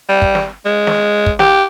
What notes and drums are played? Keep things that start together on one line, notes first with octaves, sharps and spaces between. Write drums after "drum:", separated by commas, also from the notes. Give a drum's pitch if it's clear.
G3
drum: kick
drum: snare
G#3
drum: snare
drum: kick
G4, drum: snare